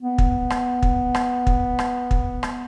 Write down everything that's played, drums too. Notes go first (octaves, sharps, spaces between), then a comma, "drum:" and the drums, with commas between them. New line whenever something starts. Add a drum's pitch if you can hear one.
B3
drum: kick
drum: rim click
drum: kick
drum: rim click
drum: kick
drum: rim click
drum: kick
drum: rim click